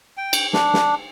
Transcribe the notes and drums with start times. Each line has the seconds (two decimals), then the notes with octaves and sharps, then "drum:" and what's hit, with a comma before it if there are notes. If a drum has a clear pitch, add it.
0.17 G5
0.33 drum: cymbal
0.53 D4, drum: snare
0.74 drum: snare